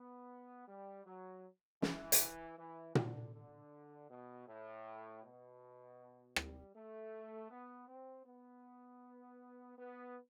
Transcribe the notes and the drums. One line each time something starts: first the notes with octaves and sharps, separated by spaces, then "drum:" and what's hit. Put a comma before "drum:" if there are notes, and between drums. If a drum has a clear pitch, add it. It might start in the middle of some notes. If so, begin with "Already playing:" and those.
Already playing: B3
G3
F#3
E3, drum: snare
drum: hi-hat
E3
D3, drum: tom A#2
D3
B2
A2
B2
G3, drum: rim click
A3
B3
C4
B3
B3